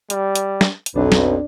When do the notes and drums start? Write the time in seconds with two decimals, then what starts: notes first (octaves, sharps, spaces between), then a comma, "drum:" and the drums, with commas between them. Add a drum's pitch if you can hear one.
0.10 G3, drum: hi-hat
0.35 drum: hi-hat
0.61 drum: snare
0.86 drum: hi-hat
0.95 B1 F2 D4 B4
1.12 drum: snare